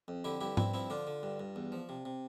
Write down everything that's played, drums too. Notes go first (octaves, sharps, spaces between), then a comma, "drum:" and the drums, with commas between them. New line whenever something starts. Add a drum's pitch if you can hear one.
F2
D3 E4 G4
G2 E4 G4
G2 C4 E4, drum: tom G#2
F3 C4 E4
D3 D4 F4
D3
G2
G2
E2
F3
C3
C3